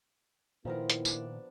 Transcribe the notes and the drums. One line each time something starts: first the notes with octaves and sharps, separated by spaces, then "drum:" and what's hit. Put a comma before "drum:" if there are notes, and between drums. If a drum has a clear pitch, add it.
A#2 D#3 F3 A#3 B3 E4 A#4
drum: hi-hat
D4, drum: tambourine